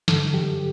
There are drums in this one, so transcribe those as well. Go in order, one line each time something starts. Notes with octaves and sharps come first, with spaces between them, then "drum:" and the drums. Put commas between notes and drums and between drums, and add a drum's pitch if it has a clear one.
G2 D3 F#3 A4, drum: snare
G4